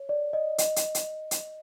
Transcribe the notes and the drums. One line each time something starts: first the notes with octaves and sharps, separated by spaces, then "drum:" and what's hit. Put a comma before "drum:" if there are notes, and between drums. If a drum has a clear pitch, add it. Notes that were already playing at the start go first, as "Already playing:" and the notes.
Already playing: C#5
D5
D#5
D#5, drum: hi-hat
drum: hi-hat
drum: hi-hat
drum: hi-hat